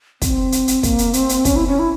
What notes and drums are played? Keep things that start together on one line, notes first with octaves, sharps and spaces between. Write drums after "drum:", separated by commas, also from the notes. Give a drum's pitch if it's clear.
C4, drum: kick, hi-hat
drum: hi-hat
drum: hi-hat
A#3, drum: kick, hi-hat
drum: hi-hat
C4, drum: hi-hat
drum: hi-hat
C#4, drum: kick, hi-hat
E4
C#4
E4